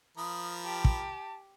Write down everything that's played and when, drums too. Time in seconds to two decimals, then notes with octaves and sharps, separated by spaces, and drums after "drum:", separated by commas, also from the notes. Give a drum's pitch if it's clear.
0.18 F3 A#4 B5 D#6
0.64 G4 A5
0.85 drum: kick